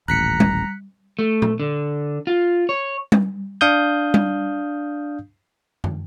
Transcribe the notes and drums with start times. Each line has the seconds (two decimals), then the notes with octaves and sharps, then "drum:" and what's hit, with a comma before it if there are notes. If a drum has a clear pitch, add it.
0.08 D#1 A1 A#5 F#6 B6 C#7
0.40 drum: tom G3
1.19 A3
1.42 drum: tom A#2
1.60 D3
2.27 F4
2.69 C#5
3.12 drum: tom G3
3.61 D4 F5 D#6 G6
4.14 drum: tom G3
5.84 drum: tom